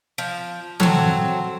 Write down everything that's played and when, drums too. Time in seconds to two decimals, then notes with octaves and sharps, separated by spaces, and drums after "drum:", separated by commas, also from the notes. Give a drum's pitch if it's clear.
0.18 F3
0.80 F#3 C4 A4 F#5 C#6, drum: tom E3